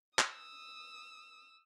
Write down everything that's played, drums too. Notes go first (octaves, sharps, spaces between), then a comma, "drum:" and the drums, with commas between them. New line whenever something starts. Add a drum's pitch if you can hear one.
D#6 E6, drum: clap